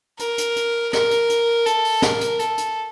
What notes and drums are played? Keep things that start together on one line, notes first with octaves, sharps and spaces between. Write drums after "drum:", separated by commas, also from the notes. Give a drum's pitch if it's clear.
A#4, drum: hi-hat
drum: hi-hat
drum: hi-hat
A#4, drum: snare
drum: hi-hat
drum: hi-hat
A4, drum: hi-hat
drum: open hi-hat
A#4, drum: snare
drum: hi-hat
A4, drum: hi-hat
drum: hi-hat